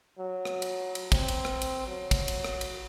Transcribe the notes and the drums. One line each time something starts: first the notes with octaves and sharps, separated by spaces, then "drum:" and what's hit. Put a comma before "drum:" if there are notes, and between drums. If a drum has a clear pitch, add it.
F#3
drum: rim click
drum: cymbal
drum: cymbal
C4, drum: kick, cymbal
drum: cymbal
drum: rim click
drum: cymbal
F#3
drum: kick, cymbal
drum: cymbal
drum: rim click
drum: cymbal